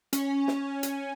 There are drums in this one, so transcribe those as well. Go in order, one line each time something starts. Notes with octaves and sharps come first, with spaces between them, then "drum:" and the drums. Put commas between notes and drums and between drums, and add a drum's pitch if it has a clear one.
C#4, drum: hi-hat
drum: snare
drum: hi-hat